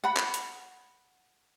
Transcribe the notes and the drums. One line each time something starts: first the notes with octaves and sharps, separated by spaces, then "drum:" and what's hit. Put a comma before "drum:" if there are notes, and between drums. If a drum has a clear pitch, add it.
F#5 B5
drum: clap
drum: hi-hat